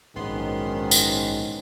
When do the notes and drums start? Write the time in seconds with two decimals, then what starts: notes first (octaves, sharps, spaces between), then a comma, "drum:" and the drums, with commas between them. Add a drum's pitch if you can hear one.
0.16 A#1 G#2 D#3 E3 F#3 B3 C#4 C6
0.91 drum: tambourine